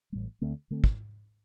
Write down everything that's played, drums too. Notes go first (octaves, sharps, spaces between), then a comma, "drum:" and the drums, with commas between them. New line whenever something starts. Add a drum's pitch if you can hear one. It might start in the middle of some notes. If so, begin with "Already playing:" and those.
A1 A2 G3
D2 D3 A3 C4
D3 A3 C4
drum: kick